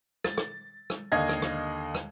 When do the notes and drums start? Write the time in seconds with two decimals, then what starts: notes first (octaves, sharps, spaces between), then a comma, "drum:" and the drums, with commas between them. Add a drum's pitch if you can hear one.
0.24 A6, drum: rim click
0.38 drum: rim click
0.90 drum: rim click
1.12 D#2 D3 D#5 F5 G#6
1.29 drum: rim click
1.42 drum: rim click
1.95 drum: rim click